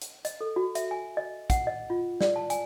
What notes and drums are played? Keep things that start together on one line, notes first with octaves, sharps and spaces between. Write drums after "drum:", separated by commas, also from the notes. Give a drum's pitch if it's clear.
drum: hi-hat
D#5, drum: hi-hat
A4
F#4
E5, drum: hi-hat
G#5
D#5
F#5, drum: kick, hi-hat
D#5
F4
D5, drum: snare
A5
G#5, drum: hi-hat